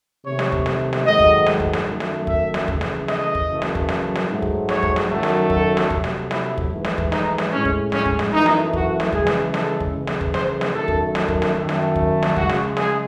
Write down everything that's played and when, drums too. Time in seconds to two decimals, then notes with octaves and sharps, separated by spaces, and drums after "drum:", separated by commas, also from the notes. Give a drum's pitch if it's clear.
0.25 C3 D#3 A3 C#5
0.39 drum: snare
0.52 drum: kick
0.66 drum: snare
0.93 drum: snare
1.06 G#2 D#3 F#3 A3 D#5
1.20 drum: kick
1.46 drum: snare
1.60 drum: kick
1.73 drum: snare
1.86 F#2 D#3 A3
2.00 drum: snare
2.27 E5, drum: kick
2.54 drum: snare
2.68 C#3 E3 A3, drum: kick
2.81 drum: snare
3.08 D#5, drum: snare
3.35 drum: kick
3.48 F#2 C#3 E3 A3
3.62 drum: snare
3.75 drum: kick
3.89 drum: snare
4.15 drum: snare
4.29 G#2 F#3 A3
4.42 drum: kick
4.69 C#5, drum: snare
4.83 drum: kick
4.96 drum: snare
5.09 F#2 D#3 F#3 A3
5.23 drum: snare
5.50 A4, drum: kick
5.77 drum: snare
5.90 C3 F#3 A3, drum: kick
6.04 drum: snare
6.31 E4, drum: snare
6.58 drum: kick
6.71 G#2 E3 A3
6.85 drum: snare
6.98 drum: kick
7.12 D#4, drum: snare
7.38 drum: snare
7.52 A2 G#3 C#4
7.65 drum: kick
7.92 C#4, drum: snare
8.06 drum: kick
8.19 drum: snare
8.32 F#2 E3 A3 D#4
8.46 drum: snare
8.73 F#4, drum: kick
9.00 drum: snare
9.13 C#3 E3 G#3 G#4, drum: kick
9.27 drum: snare
9.54 A4, drum: snare
9.80 drum: kick
9.94 C#3 E3 A3
10.07 drum: snare
10.21 drum: kick
10.34 C5, drum: snare
10.61 drum: snare
10.74 F#2 D#3 A3 A4
10.88 drum: kick
11.15 drum: snare
11.28 drum: kick
11.42 drum: snare
11.55 F#2 D#3 A3
11.69 drum: snare
11.96 drum: kick
12.23 drum: snare
12.36 C#3 G#3 F#4, drum: kick
12.49 drum: snare
12.77 G#4, drum: snare